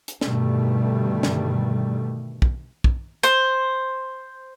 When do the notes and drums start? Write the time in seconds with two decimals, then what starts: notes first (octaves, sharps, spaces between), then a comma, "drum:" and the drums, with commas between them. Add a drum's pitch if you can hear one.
0.08 drum: hi-hat
0.21 G2 B2 D3 D#3 G3 A3, drum: snare
1.23 drum: snare
2.42 drum: kick
2.84 drum: kick
3.23 C5, drum: hi-hat